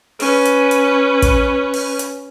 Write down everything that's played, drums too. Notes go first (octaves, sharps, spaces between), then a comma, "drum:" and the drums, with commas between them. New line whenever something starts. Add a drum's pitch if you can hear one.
C#4 B4, drum: open hi-hat
drum: hi-hat
drum: hi-hat
drum: kick, hi-hat
drum: open hi-hat
drum: hi-hat